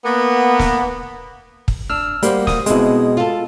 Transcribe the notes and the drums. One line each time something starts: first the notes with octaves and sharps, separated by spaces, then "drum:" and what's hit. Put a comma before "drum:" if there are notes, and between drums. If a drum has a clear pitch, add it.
A#3 B3
drum: snare
drum: kick
D4 E6 F6
G3 A#3 F#4 C5, drum: hi-hat
D#6, drum: snare
B2 G#3 C4 E4, drum: hi-hat
F4 A4